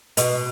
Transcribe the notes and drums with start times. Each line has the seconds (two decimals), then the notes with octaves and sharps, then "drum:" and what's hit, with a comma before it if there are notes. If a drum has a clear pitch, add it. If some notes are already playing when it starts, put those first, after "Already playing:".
0.17 B2, drum: hi-hat